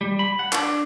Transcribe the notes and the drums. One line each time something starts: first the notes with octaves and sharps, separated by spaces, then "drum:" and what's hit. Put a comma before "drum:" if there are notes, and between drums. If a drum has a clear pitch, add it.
G3
B5
F#5
D4, drum: clap